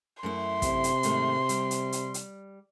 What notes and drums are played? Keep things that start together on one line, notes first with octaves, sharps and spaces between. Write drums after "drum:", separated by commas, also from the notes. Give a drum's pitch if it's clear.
F#2 A3 E4 C6
C3, drum: kick, hi-hat
drum: hi-hat
G#2 D#3 A3, drum: hi-hat
G3, drum: hi-hat
drum: hi-hat
drum: hi-hat
drum: hi-hat